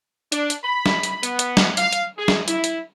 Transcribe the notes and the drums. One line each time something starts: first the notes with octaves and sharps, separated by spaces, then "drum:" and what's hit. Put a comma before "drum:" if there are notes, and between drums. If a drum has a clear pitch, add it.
D4, drum: hi-hat
drum: hi-hat
B5
drum: snare
drum: hi-hat
B3, drum: hi-hat
drum: hi-hat
drum: snare
F5, drum: hi-hat
drum: hi-hat
G#4
drum: snare
E4, drum: hi-hat
drum: hi-hat